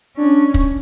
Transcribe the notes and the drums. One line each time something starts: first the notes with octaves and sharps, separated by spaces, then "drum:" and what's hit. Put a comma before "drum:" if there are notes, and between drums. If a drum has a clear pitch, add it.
C#4 D4
drum: kick